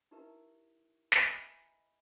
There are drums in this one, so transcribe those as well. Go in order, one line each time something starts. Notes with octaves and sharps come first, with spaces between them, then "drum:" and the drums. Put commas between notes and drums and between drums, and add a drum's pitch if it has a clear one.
D#4 E4 G4 A#4 B4 E5
B4 D#5 E5 G#5 A#5 B5, drum: snare